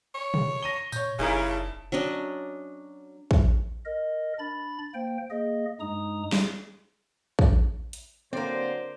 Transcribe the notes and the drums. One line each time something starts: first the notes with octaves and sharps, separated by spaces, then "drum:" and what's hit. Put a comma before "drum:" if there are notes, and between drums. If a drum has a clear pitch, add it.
C#5
drum: tom
A#6 D#7 G7
A#2 C#5 G6, drum: tambourine
F#1 C#3 G3 D#4 E4 G#4 A#4 G#5
A5
F#3 C#4 D4 D#5
drum: kick
A#4 D#5
D4 B5 A6
A#3 C5 G5
A#3 G#4 D#5
G2 G#3 D#4 A#5 D#6
drum: snare
drum: kick
drum: hi-hat
D3 F#3 A#3 C4 A#4 C5 D5